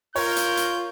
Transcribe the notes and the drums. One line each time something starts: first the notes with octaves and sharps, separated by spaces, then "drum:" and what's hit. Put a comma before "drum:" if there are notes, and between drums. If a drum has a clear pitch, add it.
F4 A#4 C#5 G6, drum: open hi-hat
drum: hi-hat
drum: hi-hat